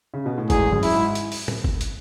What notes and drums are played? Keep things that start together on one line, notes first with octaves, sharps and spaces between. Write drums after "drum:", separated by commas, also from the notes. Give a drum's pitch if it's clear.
C#3
B2
A2
E2 G#2 G#4, drum: kick, hi-hat
F#2
E4, drum: open hi-hat
G#2
drum: hi-hat
drum: open hi-hat
drum: tom A2
drum: kick
drum: hi-hat